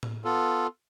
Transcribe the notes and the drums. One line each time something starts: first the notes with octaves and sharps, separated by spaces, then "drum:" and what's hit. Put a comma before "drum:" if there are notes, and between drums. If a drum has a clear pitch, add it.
drum: tom A2
B3 F4 A4